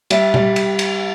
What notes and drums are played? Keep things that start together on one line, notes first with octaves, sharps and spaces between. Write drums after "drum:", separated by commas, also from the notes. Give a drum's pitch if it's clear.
G3 E5, drum: cymbal
G3, drum: tom A#2
drum: cymbal
drum: cymbal